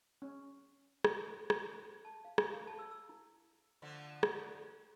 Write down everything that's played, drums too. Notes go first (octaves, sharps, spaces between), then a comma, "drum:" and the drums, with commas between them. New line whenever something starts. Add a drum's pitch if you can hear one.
C#4
drum: rim click
drum: rim click
A5
F5
G#5, drum: rim click
F5
A5
E6
E6
E4
D3 F3 A3
drum: rim click